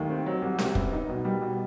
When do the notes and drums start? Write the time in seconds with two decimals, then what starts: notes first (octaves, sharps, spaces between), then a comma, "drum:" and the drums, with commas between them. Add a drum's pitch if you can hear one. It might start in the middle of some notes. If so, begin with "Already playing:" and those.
Already playing: D#2 D#3 A3
0.10 C4
0.26 F#3
0.42 C2
0.58 C3, drum: snare C#4
0.75 B3, drum: kick
0.93 D#4
1.09 B2
1.25 G3
1.42 B2